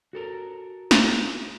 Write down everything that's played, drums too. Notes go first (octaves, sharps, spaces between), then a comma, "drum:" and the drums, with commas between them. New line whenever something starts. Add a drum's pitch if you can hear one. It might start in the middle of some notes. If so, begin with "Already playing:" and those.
F#4 A4 A#4
drum: snare